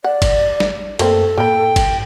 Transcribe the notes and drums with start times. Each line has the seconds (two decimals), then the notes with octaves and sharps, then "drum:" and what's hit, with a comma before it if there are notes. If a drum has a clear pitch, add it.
0.04 D5 F#5
0.22 drum: kick G1, cymbal
0.60 drum: snare
0.99 F#2 A3 A#3 C4 A4, drum: cymbal
1.38 A2 A#3 G5 B5
1.76 drum: kick G1, cymbal